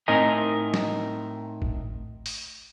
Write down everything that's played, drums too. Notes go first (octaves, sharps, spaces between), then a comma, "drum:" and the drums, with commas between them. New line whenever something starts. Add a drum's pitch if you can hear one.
A2 C4 D#4 A#4 D#5 G#5
drum: snare
drum: kick G#1
drum: open hi-hat